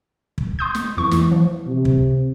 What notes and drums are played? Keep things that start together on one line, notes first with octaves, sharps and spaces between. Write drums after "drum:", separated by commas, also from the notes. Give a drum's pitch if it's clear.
drum: kick
C6 D#6 G6
drum: snare
F2 E3 C#6
drum: snare
F3
C3
drum: kick